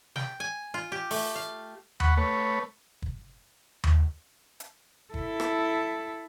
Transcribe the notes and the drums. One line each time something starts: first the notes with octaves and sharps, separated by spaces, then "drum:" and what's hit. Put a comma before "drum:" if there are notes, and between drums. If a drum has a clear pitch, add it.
G5, drum: snare
G#5
F4
G4
A3, drum: open hi-hat
F5
F#5 B5 C#6, drum: tom D#2
A3 B4 C#5
drum: kick
drum: tom D#2
drum: hi-hat
E4 A4, drum: kick
drum: rim click